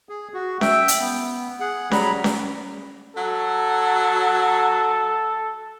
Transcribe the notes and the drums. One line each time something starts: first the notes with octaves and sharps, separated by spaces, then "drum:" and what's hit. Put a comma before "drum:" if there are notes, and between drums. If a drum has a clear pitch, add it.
G#4
F#4
E5 G5, drum: snare C#4
drum: hi-hat
B3
G#4 F#5
F#3 G3 A#5 B5, drum: snare C#4
drum: snare C#4
F#3 A4